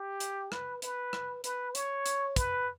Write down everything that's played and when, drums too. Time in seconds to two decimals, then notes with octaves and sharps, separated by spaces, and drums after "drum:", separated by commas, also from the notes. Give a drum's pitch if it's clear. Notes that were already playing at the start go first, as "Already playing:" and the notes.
Already playing: G4
0.20 drum: hi-hat
0.52 B4, drum: rim click
0.82 B4, drum: hi-hat
1.13 drum: rim click
1.44 B4, drum: hi-hat
1.75 C#5, drum: hi-hat
2.06 drum: hi-hat
2.36 B4, drum: kick, hi-hat